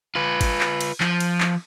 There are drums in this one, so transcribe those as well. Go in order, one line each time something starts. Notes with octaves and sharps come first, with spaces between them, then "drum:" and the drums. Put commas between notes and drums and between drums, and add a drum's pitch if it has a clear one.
F4 B4
drum: kick, cymbal
drum: clap
drum: cymbal
F3, drum: clap
drum: cymbal
drum: clap